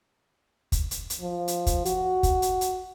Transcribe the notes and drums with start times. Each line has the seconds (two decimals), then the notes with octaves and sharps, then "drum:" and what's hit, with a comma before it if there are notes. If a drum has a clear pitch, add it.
0.72 drum: kick, hi-hat
0.91 drum: hi-hat
1.10 drum: hi-hat
1.21 F3
1.48 drum: hi-hat
1.67 drum: kick, hi-hat
1.85 F#4, drum: hi-hat
2.23 drum: kick, hi-hat
2.42 drum: hi-hat
2.61 drum: hi-hat